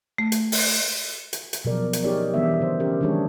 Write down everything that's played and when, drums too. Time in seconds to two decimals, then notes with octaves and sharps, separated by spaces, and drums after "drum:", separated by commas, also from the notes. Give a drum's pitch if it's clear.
0.18 A3
0.32 drum: hi-hat
0.52 drum: open hi-hat
1.33 drum: hi-hat
1.53 drum: hi-hat
1.65 B2 F3 F#3 G#4 A#4 D5
1.93 drum: hi-hat
2.04 D#4 G4 G#4 A#4 C#5 D5
2.34 E3 G3 B3 D4 E5
2.60 C#3 C5
2.80 C#4 G4 A#4
3.01 D#3 F#3 G#3 D4 G#4 C#5